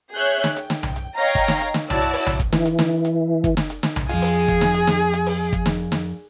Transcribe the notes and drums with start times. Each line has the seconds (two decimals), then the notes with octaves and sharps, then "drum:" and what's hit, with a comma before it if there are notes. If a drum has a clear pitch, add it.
0.14 G#4 C#5 E5 F#6 G6
0.44 drum: snare
0.56 G5, drum: hi-hat
0.70 drum: snare
0.83 drum: tom B1
0.96 drum: hi-hat
1.16 C#5 D#5 F5 G5 A#5
1.35 drum: kick, hi-hat
1.48 drum: snare
1.61 drum: hi-hat
1.74 drum: snare
1.90 E4 F#4 C#5 D5 A5 E6, drum: tom B1
2.00 drum: hi-hat
2.13 drum: open hi-hat
2.26 drum: tom B1
2.39 drum: kick, hi-hat
2.53 E3, drum: snare
2.66 drum: hi-hat
2.79 drum: snare
3.05 drum: hi-hat
3.44 drum: kick, hi-hat
3.57 drum: snare
3.70 drum: hi-hat
3.83 drum: snare
3.96 drum: tom B1
4.09 F2 G#3 F4 G#4, drum: hi-hat
4.22 drum: open hi-hat
4.48 drum: kick, hi-hat
4.61 drum: snare
4.74 drum: hi-hat
4.87 drum: snare
5.13 drum: hi-hat
5.26 drum: open hi-hat
5.53 drum: kick, hi-hat
5.66 drum: snare
5.92 drum: snare